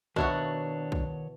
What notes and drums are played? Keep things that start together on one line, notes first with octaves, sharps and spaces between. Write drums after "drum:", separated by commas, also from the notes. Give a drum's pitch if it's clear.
B2 D#3 D4 E4 F#4 C#5, drum: kick
drum: kick